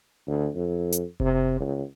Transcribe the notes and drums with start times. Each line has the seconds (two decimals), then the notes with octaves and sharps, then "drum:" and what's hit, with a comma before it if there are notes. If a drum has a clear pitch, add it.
0.27 D2
0.55 F2
0.92 drum: hi-hat
1.20 C3, drum: kick F1
1.60 C#2